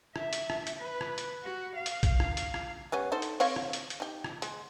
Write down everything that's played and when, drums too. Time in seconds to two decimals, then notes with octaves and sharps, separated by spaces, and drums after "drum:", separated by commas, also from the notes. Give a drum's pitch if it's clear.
0.16 E5, drum: rim click
0.33 drum: hi-hat
0.50 drum: rim click
0.67 drum: hi-hat
0.79 B4
1.01 drum: rim click
1.18 drum: hi-hat
1.44 F#4
1.76 F5
1.86 drum: hi-hat
2.03 drum: kick, hi-hat
2.20 drum: rim click
2.37 drum: hi-hat
2.54 drum: rim click
2.92 G3 B3 C#4
3.12 D#4 A4 C5
3.22 drum: hi-hat
3.40 C4 C#5 F5, drum: open hi-hat
3.56 drum: rim click
3.73 drum: hi-hat
3.90 drum: hi-hat
4.00 D#4 G4
4.24 drum: rim click
4.42 G#3, drum: hi-hat